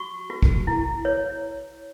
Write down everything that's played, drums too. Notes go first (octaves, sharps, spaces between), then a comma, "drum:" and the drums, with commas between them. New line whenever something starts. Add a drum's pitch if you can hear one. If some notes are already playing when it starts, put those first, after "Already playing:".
Already playing: F#4 C#6
F#4
drum: kick
E4
C#5